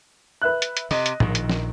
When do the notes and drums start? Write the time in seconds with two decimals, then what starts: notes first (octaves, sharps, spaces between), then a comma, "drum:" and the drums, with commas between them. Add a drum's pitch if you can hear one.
0.42 B4 E5 F#6
0.62 drum: hi-hat
0.77 drum: hi-hat
0.91 C3 D#5, drum: open hi-hat
1.06 drum: hi-hat
1.20 A#1 D#3, drum: tom A2
1.35 drum: hi-hat
1.50 drum: snare